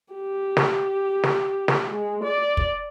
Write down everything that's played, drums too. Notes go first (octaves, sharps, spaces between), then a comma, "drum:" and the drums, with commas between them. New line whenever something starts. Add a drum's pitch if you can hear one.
G4
drum: snare
drum: snare
drum: snare
G#3
D5
drum: kick